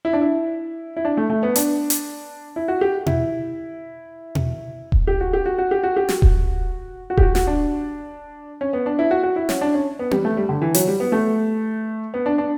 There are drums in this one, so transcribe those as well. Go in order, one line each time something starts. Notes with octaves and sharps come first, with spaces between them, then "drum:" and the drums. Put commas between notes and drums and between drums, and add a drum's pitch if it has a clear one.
E4
D4
E4
E4
D4
A3
A3
B3
D4, drum: hi-hat
drum: hi-hat
E4
F#4
G4
E4, drum: tom B2
drum: tom B2
drum: kick D#1
G4
F#4
G4
F#4
F#4
G4
F#4
G4
F#4, drum: snare
drum: kick D#1
F#4
G4, drum: kick D#1
F#4
F#4, drum: snare
D4
C#4
B3
D4
E4
F#4
F#4
E4
C#4, drum: snare
D4
C#4
B3
G3, drum: tom B3
A3
G3
D3
E3
F#3, drum: hi-hat
G3
B3
A3
B3
D4
D4